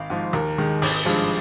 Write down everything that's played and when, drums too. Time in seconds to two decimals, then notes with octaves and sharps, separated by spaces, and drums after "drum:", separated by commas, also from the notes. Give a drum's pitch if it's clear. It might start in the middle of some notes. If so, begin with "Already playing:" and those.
Already playing: G#1 F5
0.10 G#2 F3
0.33 D#2 A#4
0.58 D#3 G#3
0.82 G#1, drum: open hi-hat
1.05 G2 F3 G#3